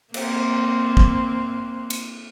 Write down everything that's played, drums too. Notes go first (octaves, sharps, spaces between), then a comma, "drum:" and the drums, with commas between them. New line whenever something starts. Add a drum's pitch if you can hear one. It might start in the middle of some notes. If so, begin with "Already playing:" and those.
A#3 C4, drum: cymbal
drum: kick
drum: cymbal